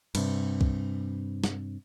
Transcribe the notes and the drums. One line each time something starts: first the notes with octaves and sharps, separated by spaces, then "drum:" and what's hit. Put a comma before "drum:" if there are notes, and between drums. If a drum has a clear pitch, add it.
G2 C3, drum: cymbal
drum: kick
drum: snare